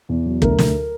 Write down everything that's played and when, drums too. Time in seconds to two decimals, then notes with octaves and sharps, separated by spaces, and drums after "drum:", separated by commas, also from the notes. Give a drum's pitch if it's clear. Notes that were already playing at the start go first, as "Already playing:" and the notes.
0.09 E2
0.26 F#3
0.42 D2 A#4, drum: kick
0.59 D2, drum: snare